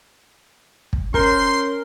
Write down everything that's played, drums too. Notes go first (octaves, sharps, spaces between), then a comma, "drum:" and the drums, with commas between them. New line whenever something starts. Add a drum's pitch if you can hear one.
drum: kick
C#4 A#4 C5 C6, drum: kick